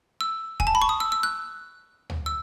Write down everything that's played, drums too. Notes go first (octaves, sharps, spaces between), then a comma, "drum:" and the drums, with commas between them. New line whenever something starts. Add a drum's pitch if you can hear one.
E6
G#5, drum: kick
A5
B5
C#6
D#6
E6
E6
F#6
drum: tom
E6